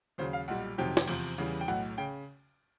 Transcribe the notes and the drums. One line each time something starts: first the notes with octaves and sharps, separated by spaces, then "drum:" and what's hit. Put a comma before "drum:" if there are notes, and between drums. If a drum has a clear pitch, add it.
D#2 C#3 F#3 C5
F5
B1 A#2 G3 F#5
F2 C3 D#3 F#3 G5
drum: snare
E2 C3 F3, drum: cymbal
E2 C#3 E3 G3
G5
B1 A2 F#3 F#5
C#3 G5